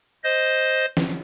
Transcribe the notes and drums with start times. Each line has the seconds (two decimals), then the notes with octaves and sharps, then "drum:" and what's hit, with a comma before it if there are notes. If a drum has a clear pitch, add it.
0.24 C5 D#5
0.97 drum: snare